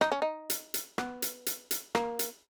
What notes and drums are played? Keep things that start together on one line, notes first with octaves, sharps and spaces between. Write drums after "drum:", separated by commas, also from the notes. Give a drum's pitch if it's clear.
D#4, drum: rim click
C#4
D#4
drum: hi-hat
drum: hi-hat
B3, drum: rim click
drum: hi-hat
drum: hi-hat
drum: hi-hat
A#3, drum: rim click
drum: hi-hat